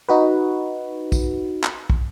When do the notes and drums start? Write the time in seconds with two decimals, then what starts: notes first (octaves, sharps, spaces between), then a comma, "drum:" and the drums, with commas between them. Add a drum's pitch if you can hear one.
0.09 D#4 F#4 B4
1.12 drum: kick, tambourine
1.64 drum: clap
1.90 drum: kick